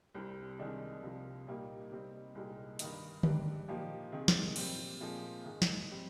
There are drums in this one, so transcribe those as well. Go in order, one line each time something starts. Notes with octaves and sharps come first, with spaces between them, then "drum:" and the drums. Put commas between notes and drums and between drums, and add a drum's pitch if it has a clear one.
C2 C3 G3 C4
C2 C3 D#3 G#3 D4
C2 C3 F3
A#2 G3 A#3 D#4 G4
C3 G3 C4 D#4
C2 A#2 G#3 D#4 G4
G2 D#3 A#3 D#4, drum: hi-hat
G#2 G3 D4 G4, drum: tom D3
A#2 F3 A#3 D#4 G4
C3 D#3 G#3
drum: snare
A#2 G3 C4, drum: cymbal
A#2 F3 G#3 C4 F4
G#2 D#3 G#3
drum: snare
G3 C4